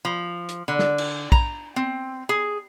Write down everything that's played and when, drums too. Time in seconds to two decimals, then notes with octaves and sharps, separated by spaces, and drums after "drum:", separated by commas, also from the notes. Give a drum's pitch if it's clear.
0.05 F3
0.49 drum: hi-hat
0.68 D3
0.79 drum: snare
0.98 drum: cymbal
1.32 A#5, drum: kick
1.76 C4
2.29 G#4